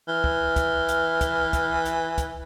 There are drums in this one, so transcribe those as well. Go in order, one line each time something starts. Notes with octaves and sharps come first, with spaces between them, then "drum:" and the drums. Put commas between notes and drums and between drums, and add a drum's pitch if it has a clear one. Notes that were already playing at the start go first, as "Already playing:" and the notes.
E3 F6
drum: kick
drum: kick, hi-hat
drum: hi-hat
drum: kick, hi-hat
drum: kick, hi-hat
drum: hi-hat
drum: kick, hi-hat